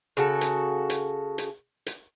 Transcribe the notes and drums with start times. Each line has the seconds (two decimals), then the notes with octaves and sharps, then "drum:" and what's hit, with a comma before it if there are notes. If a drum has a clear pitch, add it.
0.17 C#3 F#4 A4
0.41 drum: hi-hat
0.90 drum: hi-hat
1.38 drum: hi-hat
1.86 drum: hi-hat